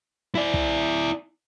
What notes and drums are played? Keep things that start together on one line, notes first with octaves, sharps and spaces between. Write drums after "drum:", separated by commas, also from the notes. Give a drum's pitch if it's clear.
E4 D5
drum: kick